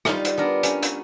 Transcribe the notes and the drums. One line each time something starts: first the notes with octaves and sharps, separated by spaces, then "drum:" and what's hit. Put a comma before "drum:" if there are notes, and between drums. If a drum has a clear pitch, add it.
G3 D#4 F4, drum: rim click
drum: hi-hat
B3 D4 A#4
C#4, drum: hi-hat
drum: hi-hat